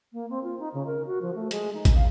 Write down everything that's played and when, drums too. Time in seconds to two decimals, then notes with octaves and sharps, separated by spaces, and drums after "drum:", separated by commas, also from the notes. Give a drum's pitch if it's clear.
0.13 A#3
0.29 C4
0.44 F4
0.59 D#4
0.74 C#3
0.87 A#4
1.06 F#4
1.21 F3
1.35 A3
1.51 G#3, drum: hi-hat
1.73 D#4
1.85 drum: kick, hi-hat
1.95 F5